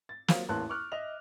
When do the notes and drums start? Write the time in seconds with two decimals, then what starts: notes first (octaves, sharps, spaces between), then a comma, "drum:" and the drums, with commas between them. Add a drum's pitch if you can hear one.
0.09 A6
0.28 F#3 A#3 C4 F4 F5, drum: snare
0.49 A1 E2 A#3 A5 C6 F#6
0.69 C#6 D6 F6 F#6
0.92 D#5 E5 F7